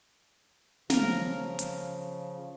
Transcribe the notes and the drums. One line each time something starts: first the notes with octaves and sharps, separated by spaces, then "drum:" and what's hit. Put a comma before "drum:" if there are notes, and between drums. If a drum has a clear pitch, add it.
C#3 F3 A#4, drum: snare
drum: hi-hat